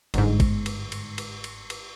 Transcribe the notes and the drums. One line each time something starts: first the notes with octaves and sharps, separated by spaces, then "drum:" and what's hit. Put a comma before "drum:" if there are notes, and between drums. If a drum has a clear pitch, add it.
G1 G#2, drum: cymbal
drum: kick G#1, cymbal
drum: cymbal
drum: cymbal
drum: cymbal
drum: cymbal
drum: cymbal